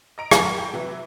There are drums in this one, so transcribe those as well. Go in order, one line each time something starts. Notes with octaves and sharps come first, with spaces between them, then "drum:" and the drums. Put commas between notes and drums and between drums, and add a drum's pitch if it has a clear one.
D#5 A#5 D7
F#5 A#5 B5, drum: rim click
G5
C3 E3 F#3 E4 B4